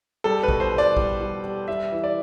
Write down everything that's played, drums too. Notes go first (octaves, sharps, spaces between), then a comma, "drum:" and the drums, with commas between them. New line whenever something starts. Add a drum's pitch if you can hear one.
G3 A4
B4
B2, drum: kick A#1
C5
B2
D5
G3, drum: kick A#1
G3
G3
G3 E5
E3
D5